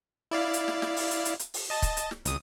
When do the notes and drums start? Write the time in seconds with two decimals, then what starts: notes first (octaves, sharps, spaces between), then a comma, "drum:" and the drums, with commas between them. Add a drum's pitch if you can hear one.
0.31 E4 D5 F5
0.54 drum: hi-hat
0.68 drum: snare
0.82 drum: snare
0.96 drum: open hi-hat
1.11 drum: hi-hat
1.25 drum: hi-hat
1.39 drum: hi-hat
1.54 drum: open hi-hat
1.70 D#5 A5
1.82 drum: kick, hi-hat
1.97 drum: hi-hat
2.11 drum: snare
2.25 C#2 D#6, drum: hi-hat